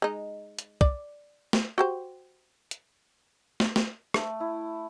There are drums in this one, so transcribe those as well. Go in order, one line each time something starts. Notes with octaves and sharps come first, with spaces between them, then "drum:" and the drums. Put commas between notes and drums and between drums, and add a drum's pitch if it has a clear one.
G#3 D#4
drum: hi-hat
D5, drum: kick
drum: snare
F#4 G4 C5
drum: hi-hat
drum: snare
drum: snare
A3, drum: rim click
E4